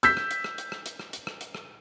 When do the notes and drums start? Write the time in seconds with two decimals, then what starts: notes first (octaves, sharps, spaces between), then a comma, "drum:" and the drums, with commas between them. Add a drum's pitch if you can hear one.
0.03 E6 G6 B6, drum: hi-hat
0.17 drum: rim click
0.31 drum: hi-hat
0.44 drum: rim click
0.58 drum: hi-hat
0.72 drum: rim click
0.86 drum: hi-hat
0.99 drum: rim click
1.13 drum: hi-hat
1.27 drum: rim click
1.41 drum: hi-hat
1.55 drum: rim click